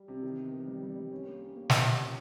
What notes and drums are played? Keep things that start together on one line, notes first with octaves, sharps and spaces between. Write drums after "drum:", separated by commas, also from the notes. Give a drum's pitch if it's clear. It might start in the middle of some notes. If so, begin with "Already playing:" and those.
Already playing: G3
C3
D#3
B3
D#3
G3
G3
G3
C#4
A#3
C#4
A#3
F3, drum: snare
F3
C#4